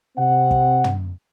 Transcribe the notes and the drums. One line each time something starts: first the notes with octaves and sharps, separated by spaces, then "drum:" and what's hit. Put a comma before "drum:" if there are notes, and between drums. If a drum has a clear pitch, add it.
C3 C4 F#5
drum: kick
drum: tom